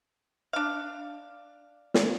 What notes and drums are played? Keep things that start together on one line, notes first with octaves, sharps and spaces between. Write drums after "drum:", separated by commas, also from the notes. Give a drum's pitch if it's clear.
D4 F5
drum: snare